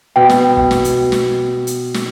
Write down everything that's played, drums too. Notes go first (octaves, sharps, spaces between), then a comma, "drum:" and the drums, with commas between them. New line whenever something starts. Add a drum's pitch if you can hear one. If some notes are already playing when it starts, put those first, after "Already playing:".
B2 G5
drum: snare
drum: kick
drum: snare
drum: hi-hat
drum: snare
drum: hi-hat
drum: snare